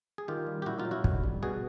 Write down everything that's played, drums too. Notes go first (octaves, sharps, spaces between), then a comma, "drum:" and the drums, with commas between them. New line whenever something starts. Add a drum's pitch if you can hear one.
G#4
D#3 F4 G4
G3
G4
A#2 E4 F#4
D#4 F4
F#3
E4 F#4
D3, drum: kick
G3
B2 F#4 G#4